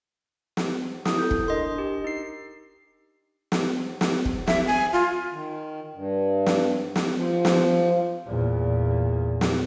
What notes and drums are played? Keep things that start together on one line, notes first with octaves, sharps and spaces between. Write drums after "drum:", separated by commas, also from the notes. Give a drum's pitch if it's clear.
drum: snare
E4 D#6, drum: snare
E4 A4 G6
drum: kick
D4 A#4 D#5 C6
G4
D#4 C7
drum: snare
drum: snare
drum: kick
E5, drum: snare
G#5
F4
D#3
G2
drum: snare
drum: snare
F3
drum: snare
E2 A#2
drum: snare